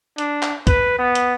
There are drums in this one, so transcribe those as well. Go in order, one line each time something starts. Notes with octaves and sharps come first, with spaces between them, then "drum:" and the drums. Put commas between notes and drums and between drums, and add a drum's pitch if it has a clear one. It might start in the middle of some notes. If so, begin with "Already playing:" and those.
D4, drum: hi-hat
drum: clap
B4, drum: kick, hi-hat
B3
drum: hi-hat